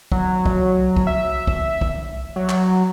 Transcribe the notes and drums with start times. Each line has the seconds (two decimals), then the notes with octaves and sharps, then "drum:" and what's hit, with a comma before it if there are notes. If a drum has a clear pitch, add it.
0.12 F#3, drum: kick
0.46 drum: kick
0.96 drum: kick
1.07 E5
1.47 drum: kick
1.81 drum: kick
2.36 F#3
2.49 drum: clap